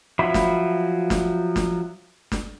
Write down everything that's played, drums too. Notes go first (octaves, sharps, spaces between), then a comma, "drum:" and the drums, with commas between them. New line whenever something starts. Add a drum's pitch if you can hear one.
F3 F#3 E5 B5
drum: snare
drum: snare
drum: snare
drum: snare